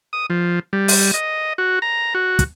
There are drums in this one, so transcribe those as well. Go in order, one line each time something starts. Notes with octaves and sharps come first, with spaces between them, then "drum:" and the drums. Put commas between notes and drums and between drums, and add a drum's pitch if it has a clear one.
D#6
F3
G3
drum: open hi-hat
D#5
F#4
A#5
F#4
drum: kick, hi-hat